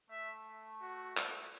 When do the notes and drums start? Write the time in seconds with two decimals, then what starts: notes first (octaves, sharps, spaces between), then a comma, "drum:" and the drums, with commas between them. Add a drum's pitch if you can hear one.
0.11 A3 E5
0.82 F#4
1.17 A3, drum: clap